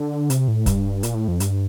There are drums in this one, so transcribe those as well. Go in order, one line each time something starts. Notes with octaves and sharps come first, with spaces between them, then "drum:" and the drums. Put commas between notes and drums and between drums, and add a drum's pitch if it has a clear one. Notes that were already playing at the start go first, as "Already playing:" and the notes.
Already playing: D3
C3, drum: hi-hat
A2
G2, drum: kick C#1, hi-hat
A#2, drum: hi-hat
A2
F2
G2, drum: hi-hat